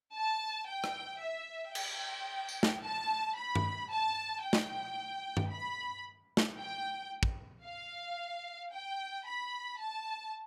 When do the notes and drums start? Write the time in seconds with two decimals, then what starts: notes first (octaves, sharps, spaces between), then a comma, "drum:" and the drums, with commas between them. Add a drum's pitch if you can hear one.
0.14 A5
0.68 G5
0.84 drum: rim click
1.21 E5
1.75 G5, drum: cymbal
2.49 drum: tambourine
2.63 drum: snare
2.82 A5
3.36 B5
3.55 drum: tom G2
3.90 A5
4.43 G5
4.53 drum: snare
5.37 drum: tom G2
5.51 B5
6.37 drum: snare
6.58 G5
7.23 drum: kick
7.66 F5
8.73 G5
9.27 B5
9.81 A5